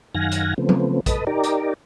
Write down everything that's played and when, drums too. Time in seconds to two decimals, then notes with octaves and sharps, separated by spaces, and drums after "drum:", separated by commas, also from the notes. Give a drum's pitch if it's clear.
0.15 F#2 D#3 F5 F#5 G#5 A#6
0.32 drum: hi-hat
0.58 C#3 F3 A3 B3 C4
0.69 drum: tom F#3
1.06 A4 B4 D#5, drum: kick A#1, hi-hat
1.27 D#4 G4 A#4 D5
1.44 drum: hi-hat